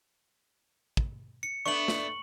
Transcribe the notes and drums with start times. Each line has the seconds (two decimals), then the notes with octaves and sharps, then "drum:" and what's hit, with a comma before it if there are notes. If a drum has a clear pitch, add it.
0.97 drum: kick
1.43 C#7
1.66 A3 B3 D4 C#6 F#7
1.88 drum: snare